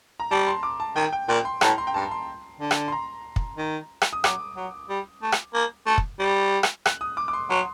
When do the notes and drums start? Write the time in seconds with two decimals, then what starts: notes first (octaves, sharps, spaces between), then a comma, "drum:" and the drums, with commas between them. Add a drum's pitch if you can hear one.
0.20 A#5
0.31 G3 A5
0.47 C6
0.63 D6
0.80 A5
0.96 D#3 G5
1.13 G5
1.28 A#2 G5
1.45 C6
1.61 A2 A#5, drum: rim click
1.78 C6
1.87 G5
1.94 G2 A5
2.11 C6
2.60 D3
2.71 drum: rim click
2.88 C6
2.92 A#5
3.36 drum: kick
3.57 D#3
4.01 drum: rim click
4.13 D#6
4.24 F#3 D6, drum: rim click
4.57 F#3
4.89 G3
5.22 A3
5.32 drum: rim click
5.54 A#3
5.87 A3
5.98 drum: kick
6.19 G3
6.63 drum: rim click
6.86 F#6, drum: rim click
7.01 D#6
7.17 D6
7.28 D6
7.33 C6
7.50 F#3 C6